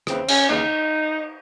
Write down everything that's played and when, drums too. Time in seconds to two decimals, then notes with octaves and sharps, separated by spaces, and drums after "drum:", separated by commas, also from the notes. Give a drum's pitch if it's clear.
0.07 D#2 C#3 E3 C4, drum: rim click
0.28 C#4, drum: cymbal
0.48 D#2 C#3 E3 D#4